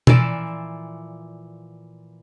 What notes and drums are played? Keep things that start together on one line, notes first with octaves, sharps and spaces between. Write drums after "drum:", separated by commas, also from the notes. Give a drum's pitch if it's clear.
A#2 E3 F3 D5 E5, drum: tom